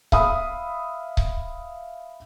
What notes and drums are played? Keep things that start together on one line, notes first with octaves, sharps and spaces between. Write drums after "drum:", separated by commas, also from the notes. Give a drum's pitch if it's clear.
E5 F5 B5 D#6, drum: kick C#1
drum: kick C#1